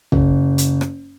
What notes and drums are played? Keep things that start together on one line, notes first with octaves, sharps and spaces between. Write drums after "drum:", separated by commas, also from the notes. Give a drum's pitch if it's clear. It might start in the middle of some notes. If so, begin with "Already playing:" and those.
F#1, drum: tom
drum: hi-hat
drum: rim click